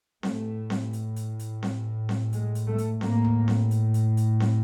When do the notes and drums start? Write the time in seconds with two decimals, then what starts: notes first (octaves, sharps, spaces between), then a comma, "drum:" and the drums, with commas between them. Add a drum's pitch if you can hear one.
0.23 A2 A3, drum: snare C4
0.70 drum: snare C4
0.93 drum: hi-hat
1.16 drum: hi-hat
1.39 drum: hi-hat
1.63 drum: snare C4
2.09 drum: snare C4
2.33 G#3, drum: hi-hat
2.55 drum: hi-hat
2.67 A3
2.78 drum: hi-hat
3.01 A2 A#3, drum: snare C4
3.25 drum: tom D#2
3.48 drum: snare C4
3.71 drum: hi-hat
3.94 drum: hi-hat
4.17 drum: hi-hat
4.40 drum: snare C4